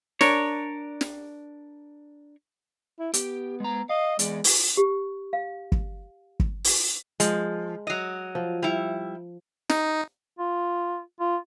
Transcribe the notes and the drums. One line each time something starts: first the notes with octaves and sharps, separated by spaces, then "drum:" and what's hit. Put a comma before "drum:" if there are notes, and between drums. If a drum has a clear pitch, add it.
D4 A#4 C#5, drum: snare
drum: snare
E4
B3 G4, drum: hi-hat
G#3 A#5
D#5 F5
E2 G#3 D5, drum: hi-hat
drum: open hi-hat
G4
F5
drum: kick
drum: kick
drum: open hi-hat
F3 G#3, drum: hi-hat
F#3 D#5
F3
G3 E4
D#4, drum: snare
F4
F4